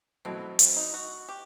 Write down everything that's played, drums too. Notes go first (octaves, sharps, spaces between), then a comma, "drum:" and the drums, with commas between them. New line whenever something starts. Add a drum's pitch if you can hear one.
B2 F#3 A3 C4 E4
C4, drum: hi-hat
D#4
F#4
G4